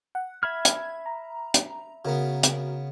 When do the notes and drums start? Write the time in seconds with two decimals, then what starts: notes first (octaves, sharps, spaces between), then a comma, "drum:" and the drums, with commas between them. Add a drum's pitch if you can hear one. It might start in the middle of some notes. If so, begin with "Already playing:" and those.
0.15 F#5
0.43 E5 B5 F6 G#6
0.65 drum: hi-hat
1.06 A#5
1.54 drum: hi-hat
2.05 C#3 B3 F#4 A#4
2.43 drum: hi-hat